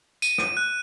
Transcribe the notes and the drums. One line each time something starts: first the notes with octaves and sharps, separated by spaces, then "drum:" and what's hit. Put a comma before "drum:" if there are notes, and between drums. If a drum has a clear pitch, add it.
D#7, drum: tambourine
drum: rim click
F#6